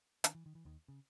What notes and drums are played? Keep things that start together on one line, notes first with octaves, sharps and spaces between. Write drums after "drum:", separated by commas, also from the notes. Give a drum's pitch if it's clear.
D#3, drum: hi-hat
E3
D#3
E3
D#2 D#3
C#3